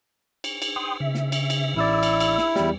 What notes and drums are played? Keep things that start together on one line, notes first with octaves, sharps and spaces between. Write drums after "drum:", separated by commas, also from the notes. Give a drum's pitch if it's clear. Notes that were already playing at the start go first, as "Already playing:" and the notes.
drum: cymbal
drum: cymbal
G5 C6 D#6
C#3 E5
drum: snare
drum: cymbal
drum: cymbal
A1 E4 D5 E6
drum: cymbal
drum: cymbal
drum: snare
E2 G3, drum: snare